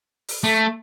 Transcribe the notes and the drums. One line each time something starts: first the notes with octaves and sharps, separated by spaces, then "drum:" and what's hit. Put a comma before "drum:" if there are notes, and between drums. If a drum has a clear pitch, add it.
drum: open hi-hat
A3